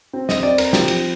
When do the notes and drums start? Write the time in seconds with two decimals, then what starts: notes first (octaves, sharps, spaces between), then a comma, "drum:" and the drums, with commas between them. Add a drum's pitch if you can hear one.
0.13 C4
0.29 D#5, drum: snare
0.43 C4 D5
0.58 A#4, drum: cymbal
0.73 F3 G4, drum: snare
0.88 drum: cymbal